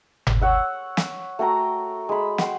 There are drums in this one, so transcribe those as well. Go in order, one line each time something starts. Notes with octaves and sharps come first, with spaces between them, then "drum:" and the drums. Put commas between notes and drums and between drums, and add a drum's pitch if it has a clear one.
drum: tom G1
C#5 F#5 E6
drum: snare
A3 F#4 G5 A#5
G#3 B5
F#5 G5 C6, drum: snare